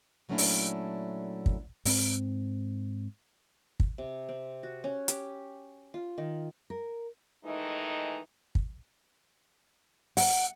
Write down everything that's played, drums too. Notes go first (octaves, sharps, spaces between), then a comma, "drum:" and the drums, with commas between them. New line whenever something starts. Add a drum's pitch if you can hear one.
A#2 F#3 A3 C#4 D4 E4
drum: open hi-hat
drum: kick
G#2 C4, drum: open hi-hat
drum: kick
C3
C4
F#4
C#4
G4, drum: hi-hat
F4
D#3
A#4
D#3 E3 G#3 A3 D#4
drum: kick
F#5, drum: open hi-hat